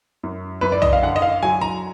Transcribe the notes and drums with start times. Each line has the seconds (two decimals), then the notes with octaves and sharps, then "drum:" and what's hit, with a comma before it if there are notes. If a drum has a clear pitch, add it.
0.23 F#2
0.61 F#2 B4
0.72 D5
0.82 D#5, drum: tom
0.93 F5
1.02 D3 F#5
1.16 D#5
1.22 F5
1.42 F#3 G#5
1.62 A#5